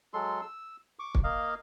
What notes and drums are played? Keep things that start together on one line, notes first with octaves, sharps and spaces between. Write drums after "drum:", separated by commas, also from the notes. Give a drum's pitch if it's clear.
F#3 G#3 A4 C6
E6
C#6 D6
drum: kick
A#3 D#5 F5